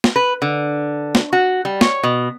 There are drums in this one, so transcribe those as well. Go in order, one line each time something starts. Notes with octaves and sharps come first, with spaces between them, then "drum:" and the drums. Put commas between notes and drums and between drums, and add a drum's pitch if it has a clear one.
drum: snare
B4
D3
drum: snare
F#4
G3
C#5, drum: snare
B2